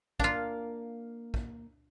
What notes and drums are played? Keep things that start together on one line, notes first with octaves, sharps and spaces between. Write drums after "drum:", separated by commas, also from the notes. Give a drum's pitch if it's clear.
A#3 D4 F4 A#4 F5, drum: kick
drum: kick